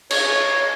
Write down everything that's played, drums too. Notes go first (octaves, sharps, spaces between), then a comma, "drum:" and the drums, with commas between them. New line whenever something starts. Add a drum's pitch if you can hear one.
C#5, drum: cymbal